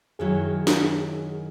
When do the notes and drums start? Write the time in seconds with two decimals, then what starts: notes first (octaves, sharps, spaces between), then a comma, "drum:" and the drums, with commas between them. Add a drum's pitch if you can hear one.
0.19 F#2 D#3 F#3 C#4 E4 G#4
0.67 drum: snare